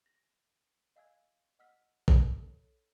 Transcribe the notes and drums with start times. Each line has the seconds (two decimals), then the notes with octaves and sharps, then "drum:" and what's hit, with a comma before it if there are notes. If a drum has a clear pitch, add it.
0.06 A#6
0.96 D#5 F5 G#5 E6 F#6 G#6
1.59 D#5 F#5 E6 F6 B6
2.08 drum: kick
2.39 A4 C#5